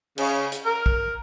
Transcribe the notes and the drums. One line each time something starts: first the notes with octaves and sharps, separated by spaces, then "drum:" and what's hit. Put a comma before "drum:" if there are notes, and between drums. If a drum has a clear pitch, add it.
C#3, drum: cymbal
drum: hi-hat
A#4
drum: kick